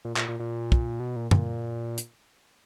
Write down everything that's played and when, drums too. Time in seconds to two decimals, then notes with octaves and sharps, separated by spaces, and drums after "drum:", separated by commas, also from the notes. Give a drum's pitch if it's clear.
0.05 A#2
0.17 A#2, drum: clap
0.29 A#2
0.40 A#2
0.72 drum: kick
1.00 B2
1.16 A#2
1.31 A#2, drum: tom F#2
1.98 drum: hi-hat